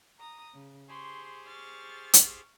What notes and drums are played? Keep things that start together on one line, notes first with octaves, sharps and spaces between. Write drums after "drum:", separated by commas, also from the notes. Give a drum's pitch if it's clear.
A#5 D#6
C#3
G4 G#4 C5 C6 C#6
C#6 F6 A6
drum: hi-hat